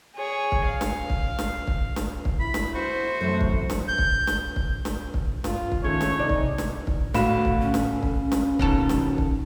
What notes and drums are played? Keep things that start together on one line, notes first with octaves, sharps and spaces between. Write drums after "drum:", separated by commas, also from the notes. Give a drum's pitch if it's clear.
G#4 C#5
drum: kick
F5
drum: snare
drum: kick
drum: snare
drum: kick
drum: snare
drum: kick
E4 B5
drum: snare
F#4 C5
F#2 C3 E3 A3
drum: kick
drum: snare
G6
drum: kick
drum: snare
drum: kick
drum: snare
drum: kick
G2 F4, drum: snare
drum: kick
D#3 A3 C#4 G#4 C#5
drum: snare
C3 D#4 D5
drum: kick
drum: snare
drum: kick
D2 A2 D3 F#4 F5 B5 E7, drum: snare
drum: kick
C#4
drum: snare
drum: kick
drum: snare
D#1 D#2 B2 A4, drum: kick
drum: snare
drum: kick